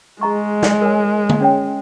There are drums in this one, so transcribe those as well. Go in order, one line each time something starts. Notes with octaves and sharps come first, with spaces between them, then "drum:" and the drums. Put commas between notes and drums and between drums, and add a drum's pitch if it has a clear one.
G#3 G#4 D#5 A#5 C#6
drum: snare
A#4 C#5 G#5
drum: tom
C#4 G#4 C#5 G5